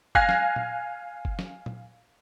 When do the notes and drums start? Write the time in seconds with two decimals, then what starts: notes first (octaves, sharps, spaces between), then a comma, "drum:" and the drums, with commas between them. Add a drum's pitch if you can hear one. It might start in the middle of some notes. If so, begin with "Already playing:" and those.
0.15 F5 G#5 F#6 G#6 A#6 C7, drum: kick F#1
0.29 drum: snare
0.56 drum: tom A#2
1.25 drum: kick F#1
1.39 drum: snare
1.66 drum: tom A#2